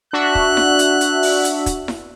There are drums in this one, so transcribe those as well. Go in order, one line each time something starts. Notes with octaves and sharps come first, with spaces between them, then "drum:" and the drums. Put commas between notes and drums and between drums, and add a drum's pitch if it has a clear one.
D4 F#4 E5 F#6
drum: kick
drum: snare E4
drum: hi-hat
drum: hi-hat
drum: open hi-hat
drum: hi-hat
drum: kick, hi-hat
drum: snare E4